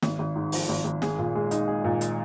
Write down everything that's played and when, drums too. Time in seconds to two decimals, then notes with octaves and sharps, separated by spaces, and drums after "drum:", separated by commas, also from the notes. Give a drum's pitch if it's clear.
0.02 G#1, drum: snare
0.19 G#1
0.36 G#2
0.52 F3, drum: open hi-hat
0.69 G#1
0.85 G#1
1.02 G#4, drum: snare
1.18 A#2
1.35 G#3
1.51 D#4, drum: hi-hat
1.68 G#4
1.84 A#2
2.01 drum: hi-hat